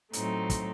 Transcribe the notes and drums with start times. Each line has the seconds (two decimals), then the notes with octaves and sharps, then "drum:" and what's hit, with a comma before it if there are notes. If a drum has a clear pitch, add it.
0.13 A2 F#3 A3 C4 D#4, drum: hi-hat
0.50 drum: kick, hi-hat